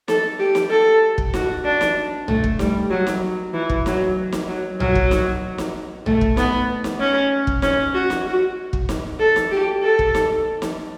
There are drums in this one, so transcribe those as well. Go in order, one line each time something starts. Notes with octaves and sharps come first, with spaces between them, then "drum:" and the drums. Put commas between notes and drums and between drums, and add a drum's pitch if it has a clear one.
A4, drum: snare
G4
drum: snare
A4
drum: kick
F#4, drum: snare
D4
drum: snare
A3, drum: tom
drum: kick
G3, drum: snare
F#3
drum: snare
E3
drum: kick
F#3, drum: snare
drum: snare
F#3
F#3, drum: tom
drum: kick
drum: snare
drum: snare
A3, drum: tom
drum: kick
B3, drum: snare
drum: snare
C#4
drum: kick
C#4, drum: snare
F#4
drum: snare
F#4
drum: kick
drum: snare
A4
drum: snare
G4
A4
drum: kick
drum: snare
drum: snare